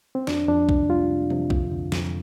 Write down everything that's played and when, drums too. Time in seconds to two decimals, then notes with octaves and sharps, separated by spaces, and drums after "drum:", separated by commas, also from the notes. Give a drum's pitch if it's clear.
0.15 C4
0.27 F2 D4, drum: snare
0.48 F2 D4
0.69 C3, drum: kick B1
0.89 G3 F4
1.10 C3
1.30 C3, drum: tom E3
1.50 F2, drum: kick B1
1.71 D3
1.92 F2, drum: snare